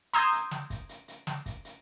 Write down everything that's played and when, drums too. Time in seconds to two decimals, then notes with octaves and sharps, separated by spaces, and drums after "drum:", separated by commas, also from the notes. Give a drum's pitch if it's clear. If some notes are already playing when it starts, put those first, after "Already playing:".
0.14 A#5 C6 D#6 E6 G6 G#6, drum: hi-hat
0.32 drum: hi-hat
0.51 drum: snare
0.70 drum: kick, hi-hat
0.89 drum: hi-hat
1.08 drum: hi-hat
1.27 drum: snare
1.46 drum: kick, hi-hat
1.65 drum: hi-hat